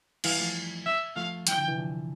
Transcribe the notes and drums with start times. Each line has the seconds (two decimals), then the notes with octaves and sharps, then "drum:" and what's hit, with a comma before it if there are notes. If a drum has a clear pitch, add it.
0.24 E3 G3 F5, drum: cymbal
0.39 F3 A3
0.86 E5
1.16 F3 A3 F5
1.47 E3 G3 G5, drum: hi-hat
1.58 D3 F3
1.68 C3 E3
1.78 D3 F3